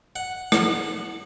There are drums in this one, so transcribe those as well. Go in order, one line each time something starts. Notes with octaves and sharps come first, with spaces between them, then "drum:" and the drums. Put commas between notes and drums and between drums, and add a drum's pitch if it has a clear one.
F#5
F#5, drum: rim click